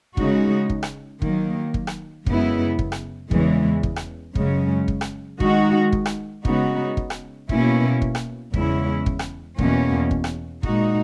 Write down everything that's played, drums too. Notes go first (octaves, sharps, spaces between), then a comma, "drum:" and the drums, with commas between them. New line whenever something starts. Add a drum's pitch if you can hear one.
C#3 G#3 D#4 F#4, drum: kick
drum: kick
drum: rim click
D#3 F#3 A#3, drum: kick
drum: kick
drum: rim click
F#2 C#3 G#3 B3 E4, drum: kick
drum: kick
drum: rim click
E2 C#3 E3 G#3, drum: kick
drum: kick
drum: rim click
F#2 C#3 G#3 C#4, drum: kick
drum: kick
drum: rim click
D#3 G#3 D#4 F#4, drum: kick
drum: kick
drum: rim click
C#3 G#3 B3 D#4 F#4, drum: kick
drum: kick
drum: rim click
B2 A#3 C#4 E4, drum: kick
drum: kick
drum: rim click
E2 C#3 G#3 C#4 E4, drum: kick
drum: kick
drum: rim click
E2 B2 A#3 C#4, drum: kick
drum: kick
drum: rim click
A#2 G#3 D#4 F#4, drum: kick